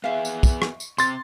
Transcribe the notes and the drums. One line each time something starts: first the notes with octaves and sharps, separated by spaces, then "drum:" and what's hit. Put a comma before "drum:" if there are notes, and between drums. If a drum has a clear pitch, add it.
B3 G#4 E5 F5
drum: tambourine
drum: kick, tambourine
drum: rim click
drum: tambourine
C3 C6 A6, drum: tambourine